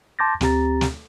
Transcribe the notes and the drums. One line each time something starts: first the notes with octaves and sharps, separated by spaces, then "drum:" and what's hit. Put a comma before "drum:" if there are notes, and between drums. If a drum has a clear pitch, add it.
A5 C6 D6 G6 A6 A#6
D2 C4 G4 A#5 A6, drum: snare
drum: snare